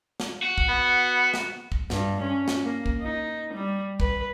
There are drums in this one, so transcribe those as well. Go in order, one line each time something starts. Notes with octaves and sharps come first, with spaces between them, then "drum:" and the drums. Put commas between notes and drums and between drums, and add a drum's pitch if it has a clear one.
drum: snare
F#4
drum: kick
B3
drum: snare
drum: kick
G2, drum: snare
C#4
drum: snare
A#3
drum: kick
D#4
G3
B4, drum: kick